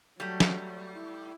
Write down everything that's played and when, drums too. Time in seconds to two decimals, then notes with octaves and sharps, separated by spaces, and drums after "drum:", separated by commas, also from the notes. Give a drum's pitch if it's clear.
0.20 F#3 G3 A3
0.40 drum: snare
0.95 E4